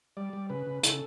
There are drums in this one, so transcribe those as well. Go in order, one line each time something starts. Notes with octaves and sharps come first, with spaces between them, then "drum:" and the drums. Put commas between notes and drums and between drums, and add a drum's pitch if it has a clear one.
G3 D5
G3
C#3 B4
C#3
C#3 A4, drum: hi-hat